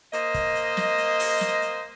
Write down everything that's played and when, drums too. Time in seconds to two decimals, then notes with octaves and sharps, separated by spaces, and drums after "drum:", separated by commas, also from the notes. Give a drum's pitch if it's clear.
0.13 A#3 C5 D#5, drum: hi-hat
0.34 drum: kick, hi-hat
0.56 drum: hi-hat
0.77 drum: snare
0.98 drum: hi-hat
1.19 drum: open hi-hat
1.41 drum: snare
1.62 drum: hi-hat